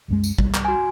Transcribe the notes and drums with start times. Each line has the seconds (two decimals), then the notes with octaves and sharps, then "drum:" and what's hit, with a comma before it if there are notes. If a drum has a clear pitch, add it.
0.08 C2 F#2 G#3
0.24 drum: tambourine
0.38 C2 G3, drum: kick
0.54 drum: clap
0.65 F#4 G#5